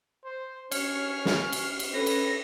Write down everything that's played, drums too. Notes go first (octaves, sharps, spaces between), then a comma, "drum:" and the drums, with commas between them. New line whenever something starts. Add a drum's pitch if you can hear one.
C5
C#4 C#5 F6, drum: cymbal
drum: snare
drum: cymbal
drum: cymbal
C#4 A4 B4 A#6
drum: cymbal